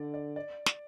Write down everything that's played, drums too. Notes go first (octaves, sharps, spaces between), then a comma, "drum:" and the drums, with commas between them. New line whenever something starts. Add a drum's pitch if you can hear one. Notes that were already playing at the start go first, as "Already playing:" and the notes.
Already playing: D3 D5
D5
D5
drum: snare